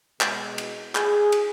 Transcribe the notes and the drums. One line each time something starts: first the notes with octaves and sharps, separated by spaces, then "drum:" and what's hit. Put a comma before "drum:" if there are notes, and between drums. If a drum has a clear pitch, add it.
B2 G#3, drum: clap
drum: cymbal
G#4, drum: clap
drum: cymbal